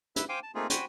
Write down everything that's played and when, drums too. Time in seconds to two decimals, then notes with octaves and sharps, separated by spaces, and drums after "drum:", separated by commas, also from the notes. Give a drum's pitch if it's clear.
0.16 E4 B4 E5, drum: hi-hat
0.29 C5 F5 G5 G#5 D6
0.43 A5
0.55 A3 A#3 C4 D#4 F4 G#4
0.70 F#4 C5 G5 G#5 B5, drum: hi-hat